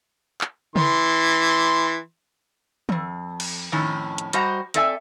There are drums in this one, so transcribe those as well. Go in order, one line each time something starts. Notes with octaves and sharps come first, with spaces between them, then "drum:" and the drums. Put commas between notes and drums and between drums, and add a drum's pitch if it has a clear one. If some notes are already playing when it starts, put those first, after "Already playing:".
drum: clap
E3 C6, drum: tom C#3
F2 G#2, drum: tom D#3
drum: cymbal
F2 A2 D#3 C#4
drum: hi-hat
G3 F#4 C5 D#5 F#5 A#5, drum: hi-hat
C4 D4 A4 D5 E5 G#5, drum: hi-hat